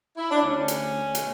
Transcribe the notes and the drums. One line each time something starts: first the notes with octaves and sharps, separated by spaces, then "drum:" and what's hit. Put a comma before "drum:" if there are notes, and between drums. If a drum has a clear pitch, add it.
E4
D4
D2 D3 A3 C#4
drum: hi-hat
B2 A3, drum: hi-hat